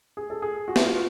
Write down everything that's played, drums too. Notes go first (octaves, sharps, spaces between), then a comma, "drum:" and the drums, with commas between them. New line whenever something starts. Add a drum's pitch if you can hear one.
G#4
A4
G#4
F#4
E4, drum: snare
F4